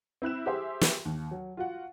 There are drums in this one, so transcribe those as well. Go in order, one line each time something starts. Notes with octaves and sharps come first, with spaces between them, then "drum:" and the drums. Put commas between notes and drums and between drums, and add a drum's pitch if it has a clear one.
C4 E4 F#6 E7
G4 G#4 C5 E5 C6
drum: snare
D#2
F#3
F4 F#4 F#5